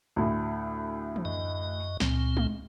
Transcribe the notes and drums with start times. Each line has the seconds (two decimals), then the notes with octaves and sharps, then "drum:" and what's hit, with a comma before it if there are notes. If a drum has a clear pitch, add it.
0.16 D2 A2
1.16 drum: tom E3
1.25 F#2 D#5
2.00 C#2 A#2 C4, drum: snare
2.37 drum: tom G#3